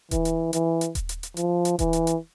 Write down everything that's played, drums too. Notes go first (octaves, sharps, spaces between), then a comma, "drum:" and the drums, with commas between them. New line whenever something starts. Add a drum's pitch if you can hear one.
E3, drum: kick D#1, hi-hat
drum: hi-hat
E3, drum: hi-hat
drum: hi-hat
drum: kick D#1, hi-hat
drum: hi-hat
drum: hi-hat
F3, drum: hi-hat
drum: hi-hat
E3, drum: kick D#1, hi-hat
drum: hi-hat
drum: hi-hat